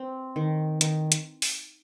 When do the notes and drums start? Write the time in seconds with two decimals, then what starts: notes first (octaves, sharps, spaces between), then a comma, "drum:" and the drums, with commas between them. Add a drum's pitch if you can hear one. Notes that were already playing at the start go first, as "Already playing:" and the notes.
Already playing: C4
0.36 D#3
0.81 D#3, drum: hi-hat
1.12 drum: hi-hat
1.42 drum: open hi-hat